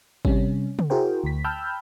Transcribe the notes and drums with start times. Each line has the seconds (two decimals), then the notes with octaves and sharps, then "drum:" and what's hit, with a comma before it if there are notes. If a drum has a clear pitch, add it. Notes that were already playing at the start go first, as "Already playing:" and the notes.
0.25 C3 G3 C#4, drum: kick G#1
0.79 drum: tom
0.90 E4 F#4 G#4 A#4 C5 G5
1.24 D2 B6
1.44 G5 A5 B5 E6 F6 G6